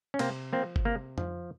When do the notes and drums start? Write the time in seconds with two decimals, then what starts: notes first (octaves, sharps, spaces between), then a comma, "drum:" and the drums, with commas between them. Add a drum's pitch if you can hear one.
0.14 C#4
0.19 C3 A#3 C4, drum: cymbal
0.53 F3 A#3 C4
0.76 drum: kick G1
0.85 C3 A#3
1.18 F3, drum: tom F2